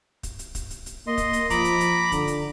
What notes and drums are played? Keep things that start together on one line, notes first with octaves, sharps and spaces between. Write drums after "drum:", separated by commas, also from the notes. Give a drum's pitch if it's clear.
drum: kick, hi-hat
drum: hi-hat
drum: kick, hi-hat
drum: hi-hat
drum: hi-hat
A#3 D#5 C6
drum: kick, hi-hat
drum: hi-hat
F3 A#5 B5 D6, drum: kick, hi-hat
drum: hi-hat
drum: hi-hat
D3, drum: kick, hi-hat
drum: hi-hat